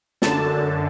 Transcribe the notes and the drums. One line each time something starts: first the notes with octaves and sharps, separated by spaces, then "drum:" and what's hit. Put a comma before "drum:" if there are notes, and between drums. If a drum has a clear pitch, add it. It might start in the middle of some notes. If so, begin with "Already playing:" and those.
F#2 D3 A5, drum: snare